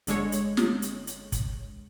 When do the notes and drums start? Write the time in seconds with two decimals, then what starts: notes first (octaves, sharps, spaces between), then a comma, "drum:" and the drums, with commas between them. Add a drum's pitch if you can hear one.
0.07 G1 D3 G#3 C#5, drum: hi-hat
0.32 drum: hi-hat
0.57 drum: snare
0.82 drum: hi-hat
1.07 drum: hi-hat
1.32 drum: kick, hi-hat